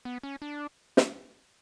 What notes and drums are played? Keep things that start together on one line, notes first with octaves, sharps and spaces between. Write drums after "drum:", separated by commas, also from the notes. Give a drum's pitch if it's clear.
B3
C#4
D4
drum: snare